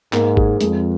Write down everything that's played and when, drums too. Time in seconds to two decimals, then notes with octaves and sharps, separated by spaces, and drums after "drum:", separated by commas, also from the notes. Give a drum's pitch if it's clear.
0.13 G#2 A#3, drum: clap
0.37 G#4, drum: kick G1
0.61 F2 G#3, drum: hi-hat